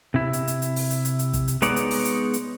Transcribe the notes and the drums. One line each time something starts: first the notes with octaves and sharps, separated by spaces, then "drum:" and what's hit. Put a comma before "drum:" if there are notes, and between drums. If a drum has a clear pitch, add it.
C3 E4
drum: hi-hat
drum: hi-hat
drum: hi-hat
drum: open hi-hat
drum: hi-hat
drum: hi-hat
drum: hi-hat
drum: kick, hi-hat
drum: hi-hat
G#3 B3 D#4 C#5 D5, drum: hi-hat
drum: hi-hat
drum: open hi-hat
drum: hi-hat
drum: hi-hat